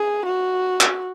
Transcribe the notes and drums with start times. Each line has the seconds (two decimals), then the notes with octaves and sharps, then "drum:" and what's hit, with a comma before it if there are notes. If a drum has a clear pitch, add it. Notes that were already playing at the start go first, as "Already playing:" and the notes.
Already playing: G#4
0.26 F#4
0.81 drum: clap